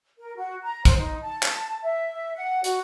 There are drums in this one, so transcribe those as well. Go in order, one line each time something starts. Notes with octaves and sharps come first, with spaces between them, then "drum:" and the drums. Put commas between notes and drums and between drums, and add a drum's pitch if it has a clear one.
A#4
F#4
A#5
C5, drum: kick, hi-hat
D#4
A5
A5, drum: clap
E5
F#5
F#4, drum: hi-hat